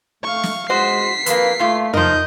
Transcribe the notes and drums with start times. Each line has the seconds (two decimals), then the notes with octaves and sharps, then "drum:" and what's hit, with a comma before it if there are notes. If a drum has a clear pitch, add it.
0.23 A3 F5 C#6
0.43 drum: snare
0.69 G#3 F#4 C5 D#5 B6 C7
1.26 F2 A#3 B4, drum: hi-hat
1.59 A#2 A3 F4
1.93 F3 D#4 A#4 D#5 G6, drum: tom F2